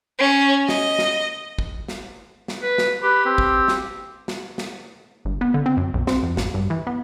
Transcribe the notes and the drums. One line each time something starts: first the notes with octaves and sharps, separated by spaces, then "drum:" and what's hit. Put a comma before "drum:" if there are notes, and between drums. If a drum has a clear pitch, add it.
C#4
D#5, drum: snare
drum: snare
drum: kick
drum: snare
drum: snare
B4
drum: snare
G4 B4
C4
drum: kick
drum: snare
drum: snare
drum: snare
G1
B3
D3
C4
F#2
B1
C4, drum: snare
F2
A1, drum: snare
G2
E3
B3